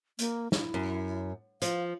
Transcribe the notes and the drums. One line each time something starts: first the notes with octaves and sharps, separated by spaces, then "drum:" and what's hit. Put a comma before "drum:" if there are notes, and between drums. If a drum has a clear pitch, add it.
A#3, drum: hi-hat
E4, drum: snare
F#2
F3 F5, drum: hi-hat